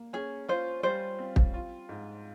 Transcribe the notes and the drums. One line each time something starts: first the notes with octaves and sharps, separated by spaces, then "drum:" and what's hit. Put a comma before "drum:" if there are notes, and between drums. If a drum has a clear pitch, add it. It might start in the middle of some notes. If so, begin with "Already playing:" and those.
Already playing: A#3
C#4 G#4
F4 C5
G3 C5
C4
drum: kick
F4
G#2